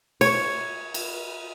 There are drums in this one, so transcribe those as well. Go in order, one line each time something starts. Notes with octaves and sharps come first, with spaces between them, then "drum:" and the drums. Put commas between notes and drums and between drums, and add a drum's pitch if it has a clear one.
C#5, drum: cymbal
drum: cymbal